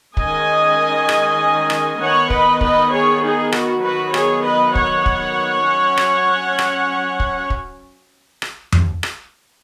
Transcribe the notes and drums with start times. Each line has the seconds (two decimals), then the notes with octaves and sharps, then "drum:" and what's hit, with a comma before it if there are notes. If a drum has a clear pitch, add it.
0.17 D#3 G#3 C#4 D#5 G#5, drum: kick
1.09 drum: rim click
1.70 drum: rim click
2.00 D#3 B3 C#5 F#5
2.30 B4 D#5, drum: kick
2.61 B4 D#5, drum: kick
2.92 G#4 C#5
3.22 D#4 G#4
3.52 F#4, drum: rim click
3.83 D#3 F#3 B3 F#4 B4
4.14 G#4 C#5, drum: rim click
4.44 B4 D#5
4.75 C#5 F#5, drum: kick
5.06 drum: kick
5.66 F#3 C#4
5.97 drum: rim click
6.59 drum: rim click
7.20 drum: kick
7.50 drum: kick
8.42 drum: rim click
8.72 drum: tom F2
9.03 drum: rim click